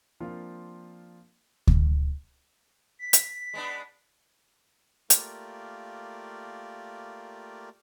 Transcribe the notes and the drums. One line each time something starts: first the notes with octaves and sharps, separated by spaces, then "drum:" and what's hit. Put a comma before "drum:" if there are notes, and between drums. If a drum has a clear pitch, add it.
F3 A#3 C4 D4 F4
drum: kick D2
B6
drum: hi-hat
G#3 B3 D4
A3 A#3 F4 G4 A#4 D5, drum: hi-hat